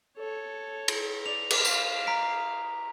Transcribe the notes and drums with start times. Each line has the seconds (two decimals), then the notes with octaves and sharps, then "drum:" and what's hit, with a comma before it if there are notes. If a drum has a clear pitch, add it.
0.18 A4 C#5
0.88 drum: cymbal
1.26 D5 F7
1.51 drum: cymbal
1.65 F5, drum: tambourine
2.07 A#5 B6 D7